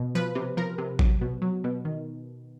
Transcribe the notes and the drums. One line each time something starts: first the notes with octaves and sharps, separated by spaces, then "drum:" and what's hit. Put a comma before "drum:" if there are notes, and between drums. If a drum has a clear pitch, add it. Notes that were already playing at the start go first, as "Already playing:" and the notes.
Already playing: B2
F3 B4
C3
F3 A#4
C3
F#3, drum: kick A1
B2
F#3
B2
D#3